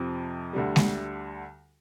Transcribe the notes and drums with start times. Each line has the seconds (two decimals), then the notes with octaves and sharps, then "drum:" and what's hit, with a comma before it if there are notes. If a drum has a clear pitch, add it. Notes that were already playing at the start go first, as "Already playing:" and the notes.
Already playing: F2 C3 F3
0.53 D2 D3 G3
0.76 drum: snare G#3